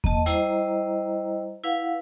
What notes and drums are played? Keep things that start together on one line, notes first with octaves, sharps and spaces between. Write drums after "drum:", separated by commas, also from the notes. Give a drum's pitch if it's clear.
A#3 D#5 A5, drum: kick E2
G3 E4 C5 D#5 A#5, drum: hi-hat
E4 B4 F5 F#5